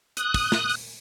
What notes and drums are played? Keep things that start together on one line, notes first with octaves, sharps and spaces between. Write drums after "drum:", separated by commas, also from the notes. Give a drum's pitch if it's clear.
D#6 F#6, drum: hi-hat
drum: kick, open hi-hat
drum: snare
drum: open hi-hat